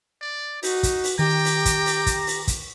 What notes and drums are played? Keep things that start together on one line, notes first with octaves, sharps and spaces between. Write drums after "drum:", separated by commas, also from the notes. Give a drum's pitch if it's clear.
D5
D#4 F#4, drum: open hi-hat
drum: kick, hi-hat
drum: open hi-hat
D#3 G4 G5 A#5
drum: open hi-hat
drum: kick, hi-hat
drum: open hi-hat
drum: kick, hi-hat
drum: open hi-hat
drum: kick, hi-hat